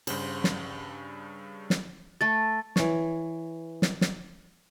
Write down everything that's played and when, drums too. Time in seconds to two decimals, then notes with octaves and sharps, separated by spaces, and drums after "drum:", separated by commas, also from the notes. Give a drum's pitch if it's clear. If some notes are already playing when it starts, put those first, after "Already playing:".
0.07 G2 C#3 C5, drum: cymbal
0.44 drum: snare
1.70 drum: snare
2.21 A3 A4 A6
2.76 E3 C#5, drum: snare
3.82 drum: snare
4.01 drum: snare